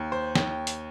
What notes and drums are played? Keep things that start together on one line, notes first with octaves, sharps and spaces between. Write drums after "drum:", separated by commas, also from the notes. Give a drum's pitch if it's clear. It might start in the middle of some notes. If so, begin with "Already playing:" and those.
Already playing: D#2
C5
D#2 G5, drum: snare
drum: hi-hat